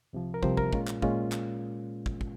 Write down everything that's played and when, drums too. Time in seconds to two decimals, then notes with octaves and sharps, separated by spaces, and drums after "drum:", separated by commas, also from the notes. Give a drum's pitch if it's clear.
0.13 C2 C3 F3
0.34 A#4
0.43 C2 C3 F3 C5, drum: kick
0.57 A#4, drum: kick
0.73 A#2 G#3 C#4 F4, drum: kick
0.87 drum: clap
1.02 A#2 G#3 C#4 F4, drum: kick
1.32 drum: clap
2.06 drum: kick
2.21 drum: kick